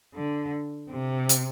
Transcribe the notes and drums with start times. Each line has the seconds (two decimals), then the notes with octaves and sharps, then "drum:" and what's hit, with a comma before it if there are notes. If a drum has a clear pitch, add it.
0.14 D3
0.91 C3
1.29 drum: hi-hat